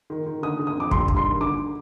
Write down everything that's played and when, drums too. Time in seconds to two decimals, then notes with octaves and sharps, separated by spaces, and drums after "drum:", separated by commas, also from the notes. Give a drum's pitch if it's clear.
0.10 D#3
0.26 D#3
0.42 D3 D#6
0.59 D3
0.67 D#6
0.76 F2 D6
0.91 G2 C6, drum: kick
1.08 G2, drum: kick
1.16 C6
1.24 D#3
1.41 D3 D6